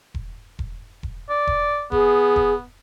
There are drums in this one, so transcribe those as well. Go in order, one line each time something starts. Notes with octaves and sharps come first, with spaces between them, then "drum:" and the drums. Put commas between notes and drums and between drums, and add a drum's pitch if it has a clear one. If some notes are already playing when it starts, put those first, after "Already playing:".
drum: kick E1
drum: kick E1
drum: kick E1
D5
drum: kick E1
B3 G#4, drum: kick E1
drum: kick E1